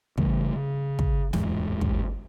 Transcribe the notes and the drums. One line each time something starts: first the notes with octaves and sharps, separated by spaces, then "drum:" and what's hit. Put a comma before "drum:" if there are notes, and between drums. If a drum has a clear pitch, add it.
C#3 E3 G3 A3, drum: kick
C#3
drum: kick
D1 E2 G#2 G#3, drum: snare
drum: kick